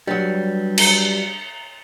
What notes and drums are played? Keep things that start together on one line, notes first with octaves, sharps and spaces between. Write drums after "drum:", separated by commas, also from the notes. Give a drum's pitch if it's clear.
G2 F#3 G3
drum: cymbal